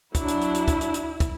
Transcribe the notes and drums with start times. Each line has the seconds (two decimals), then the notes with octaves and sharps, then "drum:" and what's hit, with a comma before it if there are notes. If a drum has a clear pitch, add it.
0.15 F#3 D4 E4, drum: kick, hi-hat
0.28 drum: hi-hat
0.41 drum: hi-hat
0.55 drum: hi-hat
0.68 drum: kick, hi-hat
0.81 drum: hi-hat
0.94 drum: hi-hat
1.20 drum: kick, hi-hat